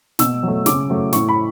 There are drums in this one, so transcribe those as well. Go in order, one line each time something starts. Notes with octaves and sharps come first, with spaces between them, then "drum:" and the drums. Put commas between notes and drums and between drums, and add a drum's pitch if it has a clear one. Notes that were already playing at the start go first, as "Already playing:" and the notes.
B2 E6, drum: snare
F#3 A3
C#3 D6, drum: snare
F#3 A3
A2 C#6, drum: snare
B5